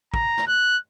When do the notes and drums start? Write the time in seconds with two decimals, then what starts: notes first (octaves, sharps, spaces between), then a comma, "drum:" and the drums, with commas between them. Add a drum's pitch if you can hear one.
0.14 A#5, drum: kick
0.37 drum: snare
0.47 F#6